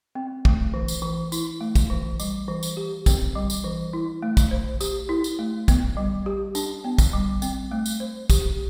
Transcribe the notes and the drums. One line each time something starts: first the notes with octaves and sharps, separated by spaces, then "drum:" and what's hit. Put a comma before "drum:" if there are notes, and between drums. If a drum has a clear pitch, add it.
C4
A3, drum: kick
E3
drum: tambourine
E3
E4, drum: tambourine
A3
drum: kick, tambourine
E3
G3, drum: tambourine
E3
drum: tambourine
G4
C4, drum: kick, tambourine
G3
drum: tambourine
E3
E4
A3
drum: kick, tambourine
C5
G4, drum: tambourine
E4
drum: tambourine
A3
B3, drum: kick, tambourine
G3
G4
D4, drum: tambourine
B3
drum: kick, tambourine
G3
C4, drum: tambourine
A3
drum: tambourine
C5
G4, drum: kick, tambourine